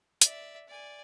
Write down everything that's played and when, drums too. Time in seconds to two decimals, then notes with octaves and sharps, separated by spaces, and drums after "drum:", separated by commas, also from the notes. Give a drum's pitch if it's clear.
0.21 D5 E5, drum: hi-hat
0.68 D5 G#5